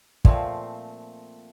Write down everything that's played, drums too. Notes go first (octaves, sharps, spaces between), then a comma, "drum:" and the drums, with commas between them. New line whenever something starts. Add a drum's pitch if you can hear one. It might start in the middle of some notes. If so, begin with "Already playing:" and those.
A#2 F3 A3 C4, drum: kick